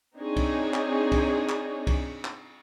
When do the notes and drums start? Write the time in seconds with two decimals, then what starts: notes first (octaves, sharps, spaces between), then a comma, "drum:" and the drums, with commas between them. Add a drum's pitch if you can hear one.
0.18 C4 D4 D#4 G#4 C#5
0.36 drum: kick, cymbal
0.74 drum: clap
1.12 drum: kick, cymbal
1.49 drum: clap
1.87 drum: kick, cymbal
2.25 drum: clap